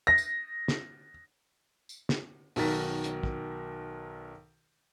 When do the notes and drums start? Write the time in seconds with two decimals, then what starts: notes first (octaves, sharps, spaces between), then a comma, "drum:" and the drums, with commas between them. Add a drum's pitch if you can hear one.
0.07 A#6
0.18 drum: tambourine
0.68 drum: snare
1.89 drum: tambourine
2.09 drum: snare
2.56 B1 D#3 F#4 A#4 A6 B6, drum: open hi-hat
3.04 drum: hi-hat
3.23 drum: kick